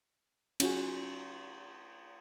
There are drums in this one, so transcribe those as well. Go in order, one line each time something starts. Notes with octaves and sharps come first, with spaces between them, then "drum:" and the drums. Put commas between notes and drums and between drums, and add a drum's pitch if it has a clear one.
C#4 F4 F#4 G#4, drum: cymbal